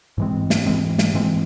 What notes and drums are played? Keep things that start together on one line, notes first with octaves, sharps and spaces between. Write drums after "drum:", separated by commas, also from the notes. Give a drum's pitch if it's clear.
G#2 E3 G#3 C4
drum: snare
G#2 E3 G#3 C4
drum: snare
G#2 E3 G#3 C4